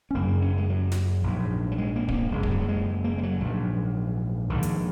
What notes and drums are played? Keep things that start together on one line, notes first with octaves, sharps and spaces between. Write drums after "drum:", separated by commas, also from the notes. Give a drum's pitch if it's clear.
C#4
F#1 F#2 C#3 A#3
A#3
C#4
G#3
F#3
drum: snare
A#1 G#2
F#3
G#3
A#3
C#4, drum: kick D1
A#3
F#1 F#2 C#3 G#3
G#3, drum: kick D1
F#3
F#3
G#3
A#3
G#3
F#3
A#1 G#2
A#1 G#2 D#3
drum: hi-hat